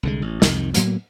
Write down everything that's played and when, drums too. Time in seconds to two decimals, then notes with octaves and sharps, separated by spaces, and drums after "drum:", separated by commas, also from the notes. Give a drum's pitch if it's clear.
0.03 C2 D3 G#3
0.22 A1
0.42 C2 F2 C3 D#3, drum: snare
0.75 A2 F#3 A#3 B3, drum: hi-hat